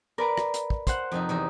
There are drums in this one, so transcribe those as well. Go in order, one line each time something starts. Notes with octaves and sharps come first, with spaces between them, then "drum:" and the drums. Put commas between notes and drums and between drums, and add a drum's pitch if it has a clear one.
A#4 B4 D5 A#5
drum: rim click
drum: hi-hat
drum: kick
C5 F#5, drum: kick, hi-hat
F2 C3 D#4
E2 C3 D#4